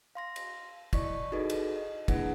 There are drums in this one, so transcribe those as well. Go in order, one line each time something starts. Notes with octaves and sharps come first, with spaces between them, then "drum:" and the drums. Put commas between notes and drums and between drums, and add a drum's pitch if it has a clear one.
F5 C6 A#6
drum: cymbal
E4 D5 D#5 C#6 B6, drum: kick, cymbal
D#4 F#4 G#4 A4 B4 D#5
drum: cymbal
D#5
A#3 D4 E4 G#4 B4 F#5, drum: kick, cymbal